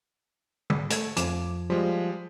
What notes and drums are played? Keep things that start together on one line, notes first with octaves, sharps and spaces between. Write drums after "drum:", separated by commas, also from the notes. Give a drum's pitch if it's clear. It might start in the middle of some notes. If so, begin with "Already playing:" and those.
drum: tom
A3 G#6, drum: hi-hat
F2 F3 D6, drum: hi-hat
F3 G3 G#3